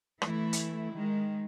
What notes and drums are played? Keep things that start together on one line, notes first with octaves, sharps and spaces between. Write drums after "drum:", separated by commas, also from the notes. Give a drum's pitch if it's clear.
E3 A3 E4, drum: rim click
drum: hi-hat
D#3 G#3